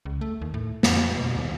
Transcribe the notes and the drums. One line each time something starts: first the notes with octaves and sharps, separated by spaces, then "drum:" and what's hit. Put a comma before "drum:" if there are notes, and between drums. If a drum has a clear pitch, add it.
C#2
A3
D#2
A2
F2, drum: snare
B2
D#2